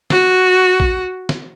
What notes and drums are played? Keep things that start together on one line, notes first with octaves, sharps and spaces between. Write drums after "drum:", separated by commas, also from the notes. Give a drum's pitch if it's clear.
F#4, drum: snare
drum: kick A#1
drum: snare